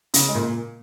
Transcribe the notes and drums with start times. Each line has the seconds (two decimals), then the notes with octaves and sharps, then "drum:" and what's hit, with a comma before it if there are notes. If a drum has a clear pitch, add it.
0.14 C#3, drum: hi-hat
0.29 G#3
0.35 A#2 A#3